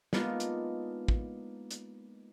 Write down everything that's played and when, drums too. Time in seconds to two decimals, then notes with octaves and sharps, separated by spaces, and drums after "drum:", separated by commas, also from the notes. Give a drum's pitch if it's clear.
0.13 G#3 A#3 B3 D4 D#4 F4, drum: snare
0.40 drum: hi-hat
1.08 drum: kick
1.71 drum: hi-hat